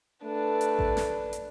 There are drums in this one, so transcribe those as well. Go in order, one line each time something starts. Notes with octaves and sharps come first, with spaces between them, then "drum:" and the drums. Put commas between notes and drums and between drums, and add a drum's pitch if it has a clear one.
A3 D4 B4
drum: hi-hat
drum: kick A1
drum: snare
drum: hi-hat